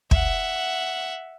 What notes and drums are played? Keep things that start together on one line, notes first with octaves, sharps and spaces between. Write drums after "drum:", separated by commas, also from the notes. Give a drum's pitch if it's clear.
E5 F#5, drum: kick